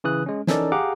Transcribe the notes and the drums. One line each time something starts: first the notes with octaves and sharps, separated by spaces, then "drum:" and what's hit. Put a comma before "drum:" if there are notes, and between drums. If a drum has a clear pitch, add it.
C#3 E3 D#6 F#6
G#3 C#4
E3 C#4 D#4 A4 A#4 D5, drum: snare
G4 G#4 F5 F#5 A#5 D6